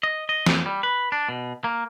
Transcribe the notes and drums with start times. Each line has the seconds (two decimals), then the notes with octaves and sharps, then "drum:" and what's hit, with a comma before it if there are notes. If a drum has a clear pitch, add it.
0.03 D#5
0.29 D#5
0.46 F2, drum: snare
0.66 G3
0.83 B4
1.12 D4
1.29 B2
1.64 A#3